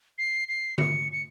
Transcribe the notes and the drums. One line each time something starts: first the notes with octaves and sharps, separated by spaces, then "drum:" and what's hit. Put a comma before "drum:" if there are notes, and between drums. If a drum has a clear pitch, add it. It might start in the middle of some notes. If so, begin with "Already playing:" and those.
C7
C7
C#7, drum: tom D3
C#7